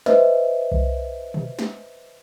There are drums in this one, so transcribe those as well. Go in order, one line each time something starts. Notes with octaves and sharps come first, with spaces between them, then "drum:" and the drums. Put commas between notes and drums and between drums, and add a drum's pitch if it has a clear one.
B4 C5 D#5 E5, drum: snare
drum: kick C2
drum: tom A#2
drum: snare